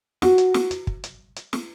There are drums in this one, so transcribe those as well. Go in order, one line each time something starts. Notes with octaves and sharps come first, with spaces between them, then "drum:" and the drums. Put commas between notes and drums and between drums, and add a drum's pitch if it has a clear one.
F#4, drum: snare
drum: hi-hat
drum: snare
drum: hi-hat
drum: kick
drum: hi-hat
drum: hi-hat
drum: snare